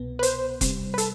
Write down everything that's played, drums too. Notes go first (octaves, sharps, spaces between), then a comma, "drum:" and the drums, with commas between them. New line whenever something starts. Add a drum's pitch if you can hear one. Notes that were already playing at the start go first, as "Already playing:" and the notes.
Already playing: C2 B2 B3
B4
C5, drum: hi-hat
C3 G3 C4, drum: kick E1, hi-hat
B4
A4, drum: hi-hat